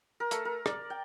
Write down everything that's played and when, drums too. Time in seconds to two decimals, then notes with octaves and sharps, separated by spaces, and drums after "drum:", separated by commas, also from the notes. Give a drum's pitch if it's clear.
0.20 A#4
0.31 A3, drum: hi-hat
0.45 A#4
0.66 D5, drum: rim click
0.90 G5